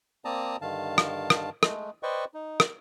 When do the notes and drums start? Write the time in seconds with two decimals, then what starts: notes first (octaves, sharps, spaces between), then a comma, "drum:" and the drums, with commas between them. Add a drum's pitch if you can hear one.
0.25 A#3 C4 D5 A5 A#5 D#6
0.62 G2 D3 D#3 F5 A5
0.98 drum: rim click
1.30 drum: rim click
1.63 G#3 A3, drum: rim click
2.03 B4 C5 D5 D#5 G5 C#6
2.34 D#4
2.60 drum: rim click